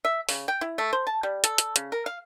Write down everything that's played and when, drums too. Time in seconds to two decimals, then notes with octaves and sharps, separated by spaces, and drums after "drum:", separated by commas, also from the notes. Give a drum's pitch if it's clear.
0.05 E5
0.29 C#3, drum: open hi-hat
0.48 G5
0.61 E4
0.78 A3
0.93 C5
1.07 A5
1.23 G3
1.44 A4, drum: hi-hat
1.58 drum: hi-hat
1.76 C#3, drum: hi-hat
1.92 A#4
2.06 F5